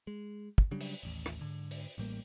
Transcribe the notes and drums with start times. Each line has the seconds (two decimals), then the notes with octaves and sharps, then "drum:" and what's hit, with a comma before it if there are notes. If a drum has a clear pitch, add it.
0.07 G#3
0.58 drum: kick
0.71 C#3 F#3 G3 D4
0.81 drum: open hi-hat
1.03 D1 A1 D#2
1.26 drum: rim click
1.41 G#2 D3
1.71 drum: open hi-hat
1.98 A1 A2 G3 A#3